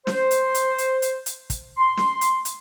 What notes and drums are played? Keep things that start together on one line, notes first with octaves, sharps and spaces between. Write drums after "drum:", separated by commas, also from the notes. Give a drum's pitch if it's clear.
C5, drum: snare
drum: hi-hat
drum: hi-hat
drum: hi-hat
drum: hi-hat
drum: hi-hat
drum: kick, hi-hat
C6
drum: snare
drum: hi-hat
drum: hi-hat